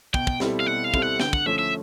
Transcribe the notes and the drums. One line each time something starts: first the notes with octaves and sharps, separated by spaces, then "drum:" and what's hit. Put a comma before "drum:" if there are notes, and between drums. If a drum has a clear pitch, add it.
B2 G5, drum: kick
drum: kick
G3 C4 E4 A4, drum: snare
F5
B2 F#5
F5
G3 C4 E4 A4, drum: kick
F#5
D3 G5, drum: snare
F#5, drum: kick
F3 A3 C#4 E5
E5